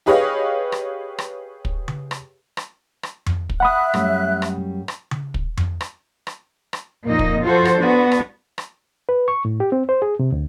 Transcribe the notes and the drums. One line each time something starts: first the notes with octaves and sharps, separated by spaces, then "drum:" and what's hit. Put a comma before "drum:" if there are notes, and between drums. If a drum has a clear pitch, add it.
G4 G#4 B4 C#5 D#5 F5
drum: rim click
drum: rim click
drum: kick
drum: tom C#3
drum: rim click
drum: rim click
drum: rim click
drum: tom F2
drum: kick
E5 F#5 B5 D#6 F#6
F#2 G3 A3, drum: rim click
drum: rim click
drum: rim click
drum: tom C#3
drum: kick
drum: tom F2
drum: rim click
drum: rim click
drum: rim click
F2 A#2 A#3 D#4 D#5
drum: kick
F3 F4 F#4 A4 C5
drum: rim click
B3 D4 F#4
drum: rim click
drum: rim click
B4
C#6
A2
G4
C4
C5
G#4
C3
D2